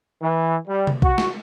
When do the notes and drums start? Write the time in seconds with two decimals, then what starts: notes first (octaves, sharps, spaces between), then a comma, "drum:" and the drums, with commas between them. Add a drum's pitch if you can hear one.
0.23 E3
0.68 G3
0.87 drum: tom C3
1.02 F#4, drum: kick B1
1.18 drum: snare